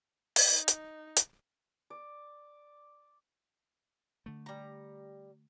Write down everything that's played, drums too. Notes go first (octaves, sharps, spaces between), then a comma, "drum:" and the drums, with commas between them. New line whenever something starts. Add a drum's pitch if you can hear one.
drum: open hi-hat
D#4
drum: hi-hat
drum: hi-hat
D5
D3 A3
G3 A#5